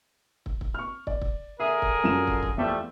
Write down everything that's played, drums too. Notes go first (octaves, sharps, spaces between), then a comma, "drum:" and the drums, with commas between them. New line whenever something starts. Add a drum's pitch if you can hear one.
drum: kick
drum: kick
C#6 F6
D5, drum: kick
drum: kick
D3 G#4 A#4 E5
drum: kick
F#2 F3 E7
drum: kick
drum: kick
E2 F3 G3 A3